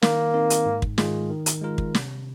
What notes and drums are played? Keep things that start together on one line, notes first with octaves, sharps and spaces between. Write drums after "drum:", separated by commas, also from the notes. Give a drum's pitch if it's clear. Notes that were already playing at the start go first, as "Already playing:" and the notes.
D#3 A#3, drum: snare
C4 D#4 A#4
drum: hi-hat
G#2
drum: kick
D#3 G#3 F4 G#4, drum: snare
D#3
drum: hi-hat
G#3 F4 A#4
drum: kick
C3, drum: snare